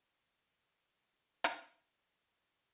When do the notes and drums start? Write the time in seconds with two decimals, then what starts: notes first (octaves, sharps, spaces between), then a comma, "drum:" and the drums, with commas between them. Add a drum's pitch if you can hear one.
0.03 E2 A#3 C4 D4 C#7
1.44 drum: hi-hat